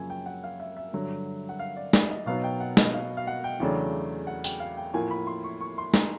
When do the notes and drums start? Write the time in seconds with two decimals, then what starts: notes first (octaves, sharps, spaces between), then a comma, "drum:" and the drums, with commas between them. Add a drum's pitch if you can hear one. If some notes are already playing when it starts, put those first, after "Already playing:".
Already playing: F#2 C#3 F3 A#3 G#5
0.10 G5
0.26 F#5
0.44 F5
0.60 E5
0.77 E5
0.93 G2 D3 F#3
1.49 F#5
1.59 F5
1.77 D5
1.93 D5, drum: snare
2.11 D#5
2.26 B2 F#3 B3 D#4 F5
2.44 G5
2.60 F#5
2.77 D#5, drum: snare
2.94 F5
3.17 F5
3.27 F#5
3.44 G5
3.60 E2 C#3 F#3 A3 D4
4.27 F#5
4.44 G5, drum: tambourine
4.60 F5
4.77 G5
4.94 A2 F3 A#3 G#5
5.11 B5
5.27 C6
5.44 C#6
5.61 C#6
5.78 C6
5.94 A#5, drum: snare